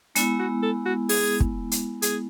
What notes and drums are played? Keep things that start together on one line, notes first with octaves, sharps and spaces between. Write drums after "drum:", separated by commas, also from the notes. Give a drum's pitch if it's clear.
G#3 B3 D4 E4, drum: hi-hat
F#4
A4
F#4
G#4, drum: open hi-hat
drum: kick
drum: hi-hat
G#4, drum: hi-hat